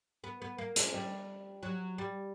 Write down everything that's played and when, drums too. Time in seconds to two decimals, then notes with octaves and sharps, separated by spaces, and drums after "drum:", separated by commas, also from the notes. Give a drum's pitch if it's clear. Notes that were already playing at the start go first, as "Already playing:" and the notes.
0.24 B3
0.42 B3
0.58 A#3
0.76 G#3, drum: hi-hat
0.94 G3
1.63 F#3
1.98 G3